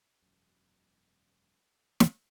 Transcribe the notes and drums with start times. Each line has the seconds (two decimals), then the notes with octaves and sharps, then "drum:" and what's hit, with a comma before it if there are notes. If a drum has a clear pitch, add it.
0.22 E1 F#2
2.00 drum: snare